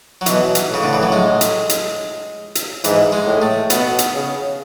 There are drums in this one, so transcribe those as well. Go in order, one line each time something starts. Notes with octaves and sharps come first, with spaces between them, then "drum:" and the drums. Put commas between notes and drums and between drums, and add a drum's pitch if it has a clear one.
F#3
B2 E3, drum: hi-hat
drum: hi-hat
A2 C#3
D3
E3
F#3
G#3
drum: hi-hat
drum: hi-hat
drum: hi-hat
G#2 E3, drum: hi-hat
G#3
A2
A3
B2 B3, drum: hi-hat
drum: hi-hat
C#3